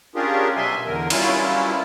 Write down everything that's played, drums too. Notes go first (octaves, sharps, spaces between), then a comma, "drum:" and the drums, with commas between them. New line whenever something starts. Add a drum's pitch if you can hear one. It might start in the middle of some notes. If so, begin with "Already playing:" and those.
C#4 D4 F4 G4 G#4 A#4
B2 F#3 E5 G#5 C6
E2 D3 A#4
F#3 G3 C#4 E4 F4, drum: cymbal